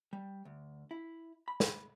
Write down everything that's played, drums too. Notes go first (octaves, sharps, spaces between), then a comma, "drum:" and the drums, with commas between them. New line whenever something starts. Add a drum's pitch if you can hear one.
G3
D2
E4
B5
drum: snare